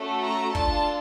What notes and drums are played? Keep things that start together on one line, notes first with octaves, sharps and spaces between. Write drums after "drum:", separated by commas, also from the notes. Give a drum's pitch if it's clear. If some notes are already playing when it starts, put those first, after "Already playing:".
Already playing: A3 C#4 F#4 A4
A#5
D4 F4 A4 A5, drum: kick